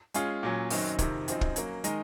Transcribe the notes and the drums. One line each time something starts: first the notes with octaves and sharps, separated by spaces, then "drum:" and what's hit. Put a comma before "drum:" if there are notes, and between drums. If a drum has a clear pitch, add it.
G#3 C#4 F4 G#4, drum: hi-hat
A#2 F#3 C#4
F#2 D#3 F#3 C4 D#4, drum: open hi-hat
F2 C3 D#3, drum: kick, hi-hat
F#2 F3 C4 D#4, drum: hi-hat
drum: kick
F#3 A#3 C#4, drum: hi-hat
D#3 G#3 D#4 A#4 D#5, drum: hi-hat